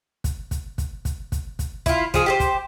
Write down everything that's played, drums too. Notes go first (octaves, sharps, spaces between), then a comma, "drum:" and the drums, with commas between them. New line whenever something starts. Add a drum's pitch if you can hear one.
drum: kick, hi-hat
drum: kick, hi-hat
drum: kick, hi-hat
drum: kick, hi-hat
drum: kick, hi-hat
drum: kick, hi-hat
E4 F4, drum: kick, hi-hat
F3 G#4, drum: kick, hi-hat
G4 G#4 C5
drum: kick, hi-hat